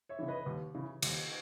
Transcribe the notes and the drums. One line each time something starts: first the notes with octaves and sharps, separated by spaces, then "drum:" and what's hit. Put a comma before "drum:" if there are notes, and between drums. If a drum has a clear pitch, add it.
C#5 E5
C#3 E3
B4 D#5
D#2
C#3 E3
D#2, drum: cymbal